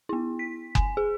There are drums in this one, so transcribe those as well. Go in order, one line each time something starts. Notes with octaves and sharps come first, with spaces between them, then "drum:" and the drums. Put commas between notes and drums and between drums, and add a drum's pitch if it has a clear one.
B3 E4
B6
G#5, drum: kick F#1
G#4